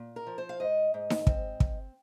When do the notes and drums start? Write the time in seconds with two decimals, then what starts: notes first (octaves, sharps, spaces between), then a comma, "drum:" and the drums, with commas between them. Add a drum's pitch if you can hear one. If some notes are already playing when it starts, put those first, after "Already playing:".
Already playing: A#2
0.16 A#4
0.27 F3
0.38 C5
0.49 F5
0.60 G#2 D#5
0.94 G#2
1.10 drum: snare D#4
1.27 C4, drum: kick
1.60 drum: kick